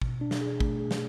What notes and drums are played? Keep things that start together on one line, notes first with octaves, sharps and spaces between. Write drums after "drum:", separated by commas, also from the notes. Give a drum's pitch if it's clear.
B2, drum: kick
D4
drum: snare
G#4
A3, drum: kick
G#4
drum: snare